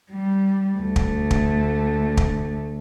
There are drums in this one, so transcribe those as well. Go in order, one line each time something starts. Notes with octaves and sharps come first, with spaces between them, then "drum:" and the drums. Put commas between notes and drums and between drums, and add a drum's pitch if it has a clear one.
G3
D2 A3
drum: kick
drum: kick
drum: kick